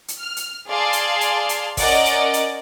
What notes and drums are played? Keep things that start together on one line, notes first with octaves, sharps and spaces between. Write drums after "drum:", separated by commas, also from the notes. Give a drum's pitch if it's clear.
drum: hi-hat
F6
drum: hi-hat
G#4 D5 F5 A5 C6
drum: hi-hat
drum: hi-hat
drum: hi-hat
C#4 A#4 D5 D#5 F#5, drum: kick, open hi-hat
drum: hi-hat
drum: hi-hat